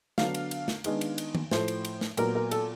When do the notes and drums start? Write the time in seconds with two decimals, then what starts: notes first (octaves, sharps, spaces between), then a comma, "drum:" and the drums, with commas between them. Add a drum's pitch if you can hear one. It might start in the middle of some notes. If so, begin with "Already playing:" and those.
0.18 D3 F#3 B3 D4 F5, drum: snare
0.35 drum: cymbal
0.51 drum: cymbal
0.68 drum: snare
0.84 D#3 G#3 B3 D4, drum: cymbal
1.01 drum: cymbal
1.18 drum: cymbal
1.35 drum: tom D#3
1.51 A2 F3 A3 C5, drum: snare
1.68 drum: cymbal
1.85 drum: cymbal
2.01 drum: snare
2.17 A#2 F#3 B3 A#4, drum: cymbal
2.35 A#4
2.51 A4, drum: cymbal